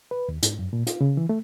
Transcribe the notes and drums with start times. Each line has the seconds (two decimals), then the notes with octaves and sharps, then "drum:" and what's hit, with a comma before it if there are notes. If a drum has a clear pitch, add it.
0.11 B4
0.29 D#2
0.42 G#2, drum: hi-hat
0.59 F#2
0.73 A#2
0.87 F4, drum: hi-hat
1.01 C#3
1.17 E3
1.29 A3